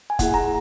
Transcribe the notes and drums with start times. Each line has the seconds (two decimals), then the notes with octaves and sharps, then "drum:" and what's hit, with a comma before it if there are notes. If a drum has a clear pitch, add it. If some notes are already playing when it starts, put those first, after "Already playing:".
0.10 G#5
0.19 A#3 E4 G#4 F#5, drum: kick F1, hi-hat
0.34 A#5